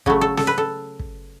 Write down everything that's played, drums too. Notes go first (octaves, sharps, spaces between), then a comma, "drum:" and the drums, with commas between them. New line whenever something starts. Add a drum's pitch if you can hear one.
C#3 F#3 A3, drum: kick
A4
A4, drum: snare
B4
A4
drum: kick